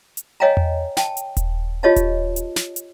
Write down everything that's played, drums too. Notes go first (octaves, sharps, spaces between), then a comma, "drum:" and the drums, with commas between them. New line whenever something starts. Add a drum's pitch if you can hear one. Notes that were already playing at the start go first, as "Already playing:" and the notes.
drum: hi-hat
C#5 D#5 F5 G5 G#5 A#5
drum: tom E2
G5 A5, drum: snare
drum: hi-hat
drum: kick D#1, hi-hat
F4 G4 C#5 D#5 F5 A5
drum: kick D#1, hi-hat
drum: hi-hat
drum: snare
drum: hi-hat